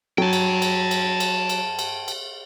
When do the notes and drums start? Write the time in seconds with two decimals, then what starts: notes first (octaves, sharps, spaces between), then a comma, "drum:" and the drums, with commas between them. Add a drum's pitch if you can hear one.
0.18 F#3 G5 A5
0.33 drum: cymbal
0.62 drum: cymbal
0.91 drum: cymbal
1.20 drum: cymbal
1.49 drum: cymbal
1.79 drum: cymbal
2.08 drum: cymbal